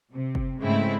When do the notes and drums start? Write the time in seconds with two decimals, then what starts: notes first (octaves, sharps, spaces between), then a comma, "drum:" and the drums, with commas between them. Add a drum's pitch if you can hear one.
0.12 C3
0.35 drum: kick F#1
0.60 G#2 C#3 G#3 A3 C4 E4